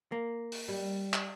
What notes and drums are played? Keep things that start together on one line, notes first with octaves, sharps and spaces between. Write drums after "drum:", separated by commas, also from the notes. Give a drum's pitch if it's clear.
A#3
drum: open hi-hat
G3
drum: clap